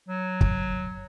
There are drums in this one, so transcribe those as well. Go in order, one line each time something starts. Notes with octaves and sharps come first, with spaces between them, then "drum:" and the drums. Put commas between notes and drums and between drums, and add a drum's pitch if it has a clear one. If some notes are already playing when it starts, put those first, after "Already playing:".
F#3
drum: kick